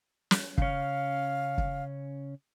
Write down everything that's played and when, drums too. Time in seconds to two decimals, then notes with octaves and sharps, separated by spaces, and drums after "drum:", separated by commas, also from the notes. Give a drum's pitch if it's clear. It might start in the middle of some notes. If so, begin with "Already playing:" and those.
0.31 drum: snare
0.58 C#3 C#4 F5, drum: kick
1.58 drum: kick